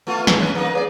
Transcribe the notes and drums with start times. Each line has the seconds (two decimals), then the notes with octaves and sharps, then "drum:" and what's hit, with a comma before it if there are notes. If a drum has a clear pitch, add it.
0.07 A3 B3 F4
0.27 D#3 G#3 E4, drum: snare
0.39 E3 C#4 B4
0.55 A#3 D#4 B4
0.73 G#4 C5 D5